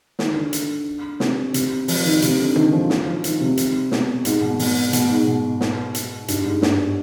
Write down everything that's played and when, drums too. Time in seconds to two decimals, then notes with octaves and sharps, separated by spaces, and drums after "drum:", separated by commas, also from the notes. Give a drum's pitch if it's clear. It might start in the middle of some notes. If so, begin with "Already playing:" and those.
0.19 D#3, drum: snare
0.36 D3
0.53 drum: hi-hat
1.20 C3, drum: snare
1.54 C3, drum: hi-hat
1.88 F3, drum: open hi-hat
2.05 D#3
2.22 C3, drum: hi-hat
2.39 D3
2.56 D#3, drum: tom
2.73 F3
2.90 F3, drum: snare
3.07 F3
3.24 D#3, drum: hi-hat
3.41 C3
3.57 drum: hi-hat
3.92 B2, drum: snare
4.25 G#2, drum: hi-hat
4.42 B2
4.59 B2, drum: open hi-hat
4.93 B2, drum: hi-hat
5.10 G#2
5.27 B2
5.61 drum: snare
5.95 drum: hi-hat
6.28 G2, drum: hi-hat
6.45 G#2
6.62 G2, drum: snare